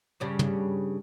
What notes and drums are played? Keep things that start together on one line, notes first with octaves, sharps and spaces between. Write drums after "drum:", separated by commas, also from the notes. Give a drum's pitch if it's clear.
G2 C#3 G3
drum: tom